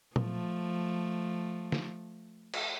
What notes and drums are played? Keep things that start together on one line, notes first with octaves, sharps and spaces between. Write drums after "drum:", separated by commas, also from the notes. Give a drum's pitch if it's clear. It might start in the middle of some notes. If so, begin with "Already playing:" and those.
F3 A3, drum: tom A#2
drum: snare
drum: cymbal